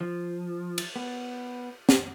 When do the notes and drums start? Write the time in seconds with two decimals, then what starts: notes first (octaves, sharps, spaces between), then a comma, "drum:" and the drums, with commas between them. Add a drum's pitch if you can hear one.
0.01 F3
0.78 drum: cymbal
0.96 B3
1.89 drum: snare